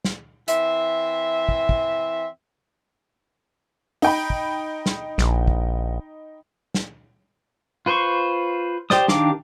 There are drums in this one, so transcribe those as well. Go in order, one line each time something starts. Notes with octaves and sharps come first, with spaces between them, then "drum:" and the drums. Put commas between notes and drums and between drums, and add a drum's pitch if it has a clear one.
drum: snare
E3 C4 E5, drum: hi-hat
drum: kick
drum: kick
D#4 G5 B5, drum: open hi-hat
drum: kick
drum: snare
A#1, drum: snare
drum: kick
drum: snare
F4 B4 C5 C6 C#6
G4 C5 D5 D#6, drum: snare
D#3 D4 G4 F5 D6, drum: snare